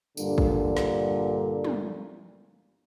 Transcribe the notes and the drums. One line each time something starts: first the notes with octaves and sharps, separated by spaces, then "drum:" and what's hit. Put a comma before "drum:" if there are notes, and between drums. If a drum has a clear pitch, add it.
G2 A#2 D3, drum: tambourine
drum: kick
drum: snare
drum: tom